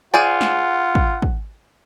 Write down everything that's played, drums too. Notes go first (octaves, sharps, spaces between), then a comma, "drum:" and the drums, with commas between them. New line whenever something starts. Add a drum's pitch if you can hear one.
F4 G#4 C5 D5 F#5 G#5
drum: snare
drum: kick
drum: kick